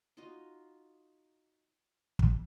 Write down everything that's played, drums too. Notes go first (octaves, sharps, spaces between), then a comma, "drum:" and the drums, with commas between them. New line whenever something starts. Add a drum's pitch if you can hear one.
D#4 F4 F#4 D#5
drum: kick